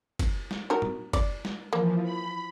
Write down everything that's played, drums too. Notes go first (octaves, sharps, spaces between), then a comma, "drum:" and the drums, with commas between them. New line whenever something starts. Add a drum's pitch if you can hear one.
drum: kick, cymbal
drum: snare
D#4 F#4 A#4
drum: tom A2
D5, drum: kick, cymbal
drum: snare
E3 F3 A#3
B5